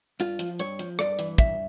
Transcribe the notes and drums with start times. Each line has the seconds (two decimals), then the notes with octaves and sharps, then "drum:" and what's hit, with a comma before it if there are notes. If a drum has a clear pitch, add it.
0.20 G2 F4, drum: hi-hat
0.39 F3, drum: hi-hat
0.59 G2 C#5, drum: hi-hat
0.79 F3, drum: hi-hat
0.99 G2 D5, drum: rim click
1.19 E3, drum: hi-hat
1.38 G2 E5, drum: kick, hi-hat